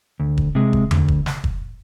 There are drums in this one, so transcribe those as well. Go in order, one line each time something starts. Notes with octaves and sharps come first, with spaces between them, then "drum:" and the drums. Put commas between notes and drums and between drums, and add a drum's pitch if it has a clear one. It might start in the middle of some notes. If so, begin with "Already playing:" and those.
D2
drum: kick
C3 G#3
drum: kick
D2, drum: tom E2
drum: kick
drum: snare
drum: kick